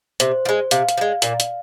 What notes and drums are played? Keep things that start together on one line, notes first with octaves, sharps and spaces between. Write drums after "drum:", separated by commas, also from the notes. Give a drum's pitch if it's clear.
C3 C5, drum: hi-hat
F3
G#3
C3 F5, drum: hi-hat
drum: hi-hat
F3
G#3
A#2, drum: hi-hat
drum: hi-hat